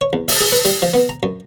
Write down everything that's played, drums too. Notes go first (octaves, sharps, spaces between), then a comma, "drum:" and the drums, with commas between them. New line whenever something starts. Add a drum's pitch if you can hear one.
C#5
E2
E5, drum: open hi-hat
G#4
B4
G3, drum: hi-hat
F3
B3
A#5
F#2